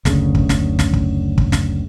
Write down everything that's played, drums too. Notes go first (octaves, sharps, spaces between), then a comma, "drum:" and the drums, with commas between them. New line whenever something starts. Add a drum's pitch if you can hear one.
F#1 D2 C#3, drum: snare
drum: kick
drum: snare
drum: snare
drum: kick
drum: kick
drum: snare